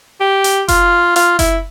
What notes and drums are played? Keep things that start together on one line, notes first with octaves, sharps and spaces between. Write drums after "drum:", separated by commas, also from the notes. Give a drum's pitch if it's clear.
G4
drum: hi-hat
F4, drum: kick F#1, hi-hat
F4, drum: hi-hat
E4, drum: kick F#1, hi-hat